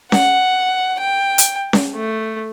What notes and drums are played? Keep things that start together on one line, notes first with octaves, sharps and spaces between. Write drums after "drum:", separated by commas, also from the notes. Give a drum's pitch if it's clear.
F#5, drum: snare C#4
G5
drum: hi-hat
drum: snare C#4
A3